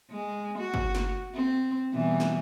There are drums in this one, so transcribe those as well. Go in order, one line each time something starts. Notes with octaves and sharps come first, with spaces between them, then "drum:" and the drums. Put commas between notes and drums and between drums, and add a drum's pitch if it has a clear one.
G#3
F#4
drum: kick
drum: snare
C4
B2 E3 G3
drum: snare